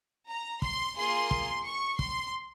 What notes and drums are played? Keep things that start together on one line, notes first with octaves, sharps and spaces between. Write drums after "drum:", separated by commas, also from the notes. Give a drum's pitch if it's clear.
A#5
C6, drum: kick
A#3 F4 G#4 C6
drum: kick
C#6
C6, drum: kick